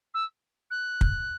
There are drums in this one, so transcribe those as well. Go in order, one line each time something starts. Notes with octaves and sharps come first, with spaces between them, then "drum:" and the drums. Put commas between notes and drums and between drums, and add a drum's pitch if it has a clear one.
E6
F#6
drum: kick